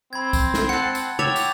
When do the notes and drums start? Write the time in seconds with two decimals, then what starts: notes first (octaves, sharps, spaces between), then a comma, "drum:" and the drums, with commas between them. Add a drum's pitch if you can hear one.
0.13 C4 B5 G#6
0.33 drum: kick, tambourine
0.54 drum: snare
0.69 F#5 A5 F#6 C#7
0.95 drum: tambourine
1.19 C#5 E5 G5 D6 A6 F7
1.36 drum: tambourine